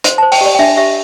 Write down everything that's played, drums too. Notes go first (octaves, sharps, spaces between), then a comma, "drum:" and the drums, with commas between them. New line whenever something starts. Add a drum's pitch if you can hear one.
C5 C6, drum: hi-hat
C5 A5
G5, drum: open hi-hat
G4 D5
G5
D4 E5
G4 E5